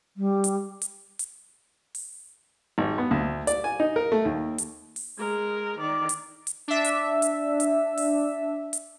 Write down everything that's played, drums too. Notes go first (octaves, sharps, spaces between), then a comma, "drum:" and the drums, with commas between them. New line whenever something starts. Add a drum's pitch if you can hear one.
G3
drum: hi-hat
drum: hi-hat
drum: hi-hat
drum: open hi-hat
G#1
B3
D2
D5, drum: hi-hat
G#5
D#4
A#4
A3
D#2
drum: hi-hat
drum: open hi-hat
G#3 A#4
D#3 D5
drum: hi-hat
drum: hi-hat
D4 E5
drum: hi-hat
drum: hi-hat
drum: hi-hat
drum: open hi-hat
drum: hi-hat